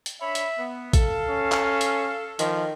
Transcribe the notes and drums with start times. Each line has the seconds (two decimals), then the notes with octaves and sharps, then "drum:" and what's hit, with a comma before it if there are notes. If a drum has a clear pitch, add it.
0.06 drum: hi-hat
0.22 D4 C#5 E5 B5
0.35 drum: hi-hat
0.59 B3
0.93 A4 F5, drum: kick, hi-hat
1.29 C#4
1.52 drum: clap
1.81 drum: hi-hat
2.39 D#3 F3, drum: hi-hat